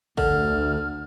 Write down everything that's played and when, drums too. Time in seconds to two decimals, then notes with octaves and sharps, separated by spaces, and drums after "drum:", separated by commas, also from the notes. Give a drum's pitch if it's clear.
0.18 D2 D3 F6, drum: kick